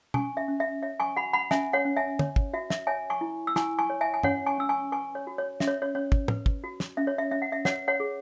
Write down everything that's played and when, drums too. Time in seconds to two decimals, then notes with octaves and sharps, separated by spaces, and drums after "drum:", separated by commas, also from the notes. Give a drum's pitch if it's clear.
0.14 C#4 G#5 C#6, drum: tom B2
0.37 E5
0.48 C#4
0.60 E5
0.83 C#5 E5
1.00 G#5 C#6
1.16 F#4 F#5 B5
1.33 F#5 B5
1.51 C#4 E5 G#5, drum: snare
1.73 C#5 F#5
1.85 C#4
1.96 E5 G#5
2.19 C#5, drum: tom
2.36 drum: kick
2.53 F#4 E5
2.70 E5, drum: snare
2.87 C#5 E5 G#5
3.10 G#5 C#6
3.21 E4
3.47 E6
3.56 E4 G#5 C#6, drum: snare
3.79 G#5 C#6
3.90 C#5
4.01 E5 G#5
4.14 G#5
4.23 C#4 C#5 F#5, drum: tom G2
4.46 G#5 C#6
4.58 C#4 E6
4.69 G#5 C#6
4.92 B4 G#5 C#6
5.15 C#5
5.27 F#4
5.38 C#5
5.60 C#4 E5, drum: snare
5.67 C#5
5.82 C#5
5.95 C#4 C#5
6.12 drum: kick
6.28 B4, drum: tom
6.46 drum: kick
6.64 F#4
6.80 drum: snare
6.97 C#4 E5
7.07 C#5
7.18 E5
7.31 C#4 E5
7.42 F#5
7.52 E5
7.65 B4 C#5 F#5, drum: snare
7.88 C#5 F#5
8.00 G#4